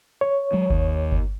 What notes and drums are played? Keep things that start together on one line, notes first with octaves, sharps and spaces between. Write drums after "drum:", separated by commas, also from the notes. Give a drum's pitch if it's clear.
C#5
F#3 G#3
D#2, drum: kick G1
drum: kick G1